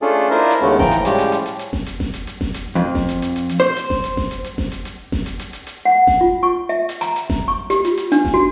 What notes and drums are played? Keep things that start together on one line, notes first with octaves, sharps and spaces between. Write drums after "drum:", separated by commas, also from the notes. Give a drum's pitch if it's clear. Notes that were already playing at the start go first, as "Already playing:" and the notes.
A3 C#4 D4 F4 G#4 A4
D4 E4 F4 A#4 C5 D#5
drum: hi-hat
D#2 C#3 G#3 A3 B3 C#4
A2 E3 F3 G5 A#5 G6, drum: snare F#1
drum: hi-hat
A2 F3 G3 G#3 C#4 G4, drum: hi-hat
drum: hi-hat
drum: hi-hat
drum: hi-hat
drum: hi-hat
drum: snare F#1
drum: hi-hat
drum: snare F#1
drum: hi-hat
drum: hi-hat
drum: snare F#1
drum: hi-hat
F2
drum: snare F#1
drum: hi-hat
drum: hi-hat
drum: hi-hat
drum: hi-hat
C5
drum: hi-hat
drum: snare F#1
drum: hi-hat
drum: snare F#1
drum: hi-hat
drum: hi-hat
drum: snare F#1
drum: hi-hat
drum: hi-hat
drum: snare F#1
drum: hi-hat
drum: hi-hat
drum: hi-hat
drum: hi-hat
F#5
drum: snare F#1
F4
C#6
E5
drum: hi-hat
A#5, drum: hi-hat
drum: hi-hat
drum: snare F#1
C#6
G4, drum: hi-hat
F4, drum: hi-hat
drum: hi-hat
D4, drum: hi-hat
drum: snare F#1
F#4